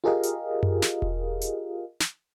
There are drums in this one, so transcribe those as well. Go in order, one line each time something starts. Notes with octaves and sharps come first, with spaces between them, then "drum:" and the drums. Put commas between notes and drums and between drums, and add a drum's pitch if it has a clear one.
F4 G4 G#4 A#4 D#5 F5
drum: hi-hat
drum: tom F#2
drum: snare
drum: kick E1
drum: hi-hat
drum: snare